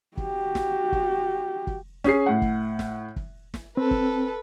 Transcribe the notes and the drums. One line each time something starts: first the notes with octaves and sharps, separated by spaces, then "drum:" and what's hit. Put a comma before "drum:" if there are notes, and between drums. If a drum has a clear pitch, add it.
F#4 G4, drum: kick
drum: snare
drum: kick
drum: kick
C#4 G#4 C7, drum: snare
A2 F#5
drum: kick
drum: snare
drum: kick
drum: snare
C4 A4 B4
drum: kick